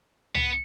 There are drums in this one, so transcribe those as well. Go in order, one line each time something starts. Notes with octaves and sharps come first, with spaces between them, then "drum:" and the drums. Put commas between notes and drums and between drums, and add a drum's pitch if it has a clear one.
B3, drum: tom C2